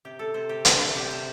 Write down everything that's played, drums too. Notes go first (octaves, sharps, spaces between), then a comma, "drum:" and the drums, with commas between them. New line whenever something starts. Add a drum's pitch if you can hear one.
C3 G4
A4
C3 C5
G4
C3 D4, drum: hi-hat
D4
C3 G4
C5